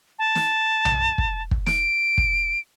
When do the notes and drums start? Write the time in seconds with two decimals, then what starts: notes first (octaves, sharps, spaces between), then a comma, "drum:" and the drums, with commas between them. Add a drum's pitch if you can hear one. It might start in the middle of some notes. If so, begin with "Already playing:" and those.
0.19 A5
0.35 drum: snare
0.85 drum: tom B1
1.18 drum: kick
1.51 drum: kick
1.66 D7, drum: snare
2.18 drum: kick